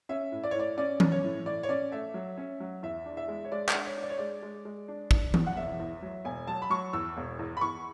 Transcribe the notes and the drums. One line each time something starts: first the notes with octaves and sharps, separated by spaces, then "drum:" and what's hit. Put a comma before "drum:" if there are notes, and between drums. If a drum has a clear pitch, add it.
C#4 E5
A2
D5
C#5
A2 D5
C#4 D5
C#4, drum: tom E3
C#5
A2
A2 D5
C#5
C#4 D5
A3 E5
F#3
C#4
F#3
E2 E5
D4
E5
G#3
C#5
G#3 D5
D5, drum: clap
D4
C#5
D4
D5
C#5
G#3 D5
G#3
G#3
D4
D4, drum: kick
E2, drum: tom E3
F#5
E1 E5
E2
F#3
E1 G#5
F#3 A5
B5
F#3 C#6
E2 E6
E1
E2
B5
E2 C#6